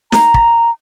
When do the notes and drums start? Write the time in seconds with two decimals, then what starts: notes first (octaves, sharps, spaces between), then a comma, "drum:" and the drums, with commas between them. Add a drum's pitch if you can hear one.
0.12 A#5, drum: snare
0.34 drum: kick